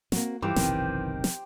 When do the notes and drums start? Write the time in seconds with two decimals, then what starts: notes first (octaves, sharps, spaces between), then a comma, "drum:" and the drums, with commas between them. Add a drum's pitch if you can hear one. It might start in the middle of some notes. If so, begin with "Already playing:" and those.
0.12 A#3 C4 F#4, drum: snare
0.42 G2 E3 F3 G3 G4 C5
0.56 F#1 B1 C3 D#3, drum: snare
1.24 drum: snare